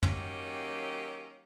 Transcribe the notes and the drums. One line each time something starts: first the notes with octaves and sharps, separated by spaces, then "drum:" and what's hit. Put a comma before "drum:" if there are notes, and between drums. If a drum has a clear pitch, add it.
D#3 F#3 A#3 C#4 G4, drum: tom